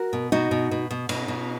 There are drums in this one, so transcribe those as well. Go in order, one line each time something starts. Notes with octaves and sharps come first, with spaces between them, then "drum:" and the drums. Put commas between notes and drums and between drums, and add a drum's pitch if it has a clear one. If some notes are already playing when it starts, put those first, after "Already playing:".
Already playing: F#4 A#4
B2
B2 D#4 F#4
B2
B2
B2
B2, drum: cymbal
B2